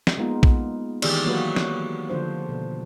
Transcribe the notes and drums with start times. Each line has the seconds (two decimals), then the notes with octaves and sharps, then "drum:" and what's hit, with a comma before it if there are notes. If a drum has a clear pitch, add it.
0.07 drum: snare
0.17 G#3 A#3 B3 D#4 F4
0.43 drum: kick
1.02 D#3 E3 G4 G#4 D5, drum: cymbal
1.25 F#3 A#3 F#4 B4
1.56 drum: snare
2.10 D3 F3 D4 C5
2.49 B2